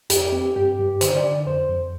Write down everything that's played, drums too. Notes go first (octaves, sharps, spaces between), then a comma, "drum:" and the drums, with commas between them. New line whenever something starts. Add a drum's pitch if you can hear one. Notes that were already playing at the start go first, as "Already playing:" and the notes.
F2 G4, drum: hi-hat
C4
G2 G4
G2
D3 C5, drum: hi-hat
D5
D3
F2 C5
F2